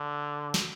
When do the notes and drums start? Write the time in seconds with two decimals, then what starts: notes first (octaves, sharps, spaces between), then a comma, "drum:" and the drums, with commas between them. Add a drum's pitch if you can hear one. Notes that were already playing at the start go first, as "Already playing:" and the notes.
Already playing: D3
0.54 drum: snare